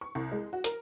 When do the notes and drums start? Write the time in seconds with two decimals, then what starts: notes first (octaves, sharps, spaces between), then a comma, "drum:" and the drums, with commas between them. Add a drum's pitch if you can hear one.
0.01 C#6
0.15 C2
0.32 G#3
0.53 F#4
0.64 A#4, drum: hi-hat